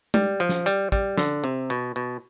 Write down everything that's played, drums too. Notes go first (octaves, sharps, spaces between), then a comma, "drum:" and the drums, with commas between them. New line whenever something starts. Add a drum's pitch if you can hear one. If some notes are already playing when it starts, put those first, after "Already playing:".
G3, drum: tom G#3
F3
drum: snare
G3, drum: hi-hat
G3, drum: kick
D3, drum: snare
C3
B2
B2